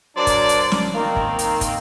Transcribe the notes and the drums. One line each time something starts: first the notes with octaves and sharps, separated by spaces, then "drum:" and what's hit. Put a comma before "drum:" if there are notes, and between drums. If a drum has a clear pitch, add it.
F#3 D4 A#4 C5 D5
drum: kick, hi-hat
drum: hi-hat
drum: snare
D#3 A#3 C4
drum: kick
drum: hi-hat
drum: kick, hi-hat